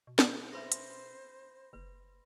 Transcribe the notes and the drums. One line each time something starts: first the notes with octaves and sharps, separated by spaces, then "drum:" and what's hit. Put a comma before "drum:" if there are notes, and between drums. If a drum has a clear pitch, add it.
B2
drum: snare
G#4 B4 C5 E5 B5 C6 A#6
drum: hi-hat
F#1 B4